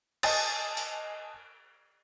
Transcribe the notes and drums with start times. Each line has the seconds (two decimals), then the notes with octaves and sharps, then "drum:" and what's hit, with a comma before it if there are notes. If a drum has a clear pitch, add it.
0.23 D#5 G#5 A5 D#6 A6, drum: cymbal
0.77 drum: open hi-hat